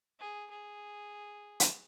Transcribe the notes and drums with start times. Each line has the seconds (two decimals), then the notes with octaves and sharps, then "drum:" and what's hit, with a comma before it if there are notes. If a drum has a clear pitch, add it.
0.19 G#4
0.51 G#4
1.60 drum: hi-hat